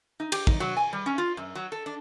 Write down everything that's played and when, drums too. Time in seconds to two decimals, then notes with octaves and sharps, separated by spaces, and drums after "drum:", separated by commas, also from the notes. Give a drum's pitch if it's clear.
0.20 D#4
0.32 G4, drum: cymbal
0.47 D#4, drum: kick
0.60 F#3
0.77 G#5
0.93 G3
1.06 C#4
1.18 F4
1.37 F#2
1.55 F#3
1.72 A4
1.86 D4